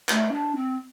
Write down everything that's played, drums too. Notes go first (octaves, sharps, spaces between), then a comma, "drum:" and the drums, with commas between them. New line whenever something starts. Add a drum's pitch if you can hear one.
A3, drum: clap
D4
C4